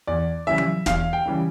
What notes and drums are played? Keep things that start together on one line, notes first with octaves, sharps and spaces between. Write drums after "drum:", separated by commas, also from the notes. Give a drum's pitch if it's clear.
E2 D5
C#3 E3 G3 E5
drum: tom F#3
E2 F5, drum: snare
G5
C#3 E3 G3